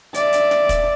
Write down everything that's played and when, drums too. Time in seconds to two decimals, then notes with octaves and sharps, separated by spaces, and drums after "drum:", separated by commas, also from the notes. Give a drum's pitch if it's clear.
0.14 D5 E5, drum: hi-hat
0.33 drum: hi-hat
0.51 drum: snare
0.69 drum: kick, hi-hat